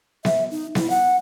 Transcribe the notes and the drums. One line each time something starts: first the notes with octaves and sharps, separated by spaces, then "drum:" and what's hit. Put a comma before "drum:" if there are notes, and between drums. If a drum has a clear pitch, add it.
E5, drum: snare B3
D#4
E4, drum: snare B3
F#5